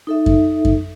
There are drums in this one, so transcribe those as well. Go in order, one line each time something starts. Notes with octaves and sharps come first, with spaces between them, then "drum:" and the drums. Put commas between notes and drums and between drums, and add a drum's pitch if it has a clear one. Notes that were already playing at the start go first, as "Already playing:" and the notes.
D#4 A4 E5
drum: kick F#2
drum: kick F#2